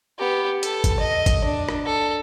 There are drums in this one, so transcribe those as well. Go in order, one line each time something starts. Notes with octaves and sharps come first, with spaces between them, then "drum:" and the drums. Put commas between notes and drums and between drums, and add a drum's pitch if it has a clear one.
B3 G4
A4 A5, drum: hi-hat
drum: kick, hi-hat
D#5
drum: kick, hi-hat
D4
drum: rim click
A4